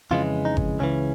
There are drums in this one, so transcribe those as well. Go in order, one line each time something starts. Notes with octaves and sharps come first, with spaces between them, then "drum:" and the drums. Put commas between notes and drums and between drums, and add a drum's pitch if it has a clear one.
F2 C#3 E3 G#3 F4
D#4
drum: kick G1
C#2 C#3 E3 C#4